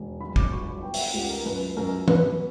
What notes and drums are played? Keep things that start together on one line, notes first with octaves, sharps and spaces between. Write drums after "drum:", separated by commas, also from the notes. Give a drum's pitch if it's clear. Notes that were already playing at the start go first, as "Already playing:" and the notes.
Already playing: E1
F#3 B5
D6, drum: kick
G1 C#6
B5
B3 G5
E5, drum: open hi-hat
F#5
C#2 G4
A#4
F#2 B4
F#2 A#4
B3 B4, drum: tom